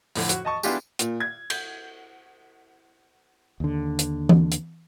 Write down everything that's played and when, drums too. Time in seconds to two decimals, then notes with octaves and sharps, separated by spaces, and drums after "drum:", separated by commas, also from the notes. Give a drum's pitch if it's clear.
0.15 F2 A2 D3, drum: open hi-hat
0.29 F#4, drum: hi-hat
0.45 D#5 A5 C#6
0.63 B3 D4 E4 F4 G4 G#4, drum: tambourine
0.99 A#2, drum: hi-hat
1.20 G#6
1.50 G6, drum: cymbal
3.60 D#2 D3
3.99 drum: hi-hat
4.29 drum: tom E3
4.52 drum: hi-hat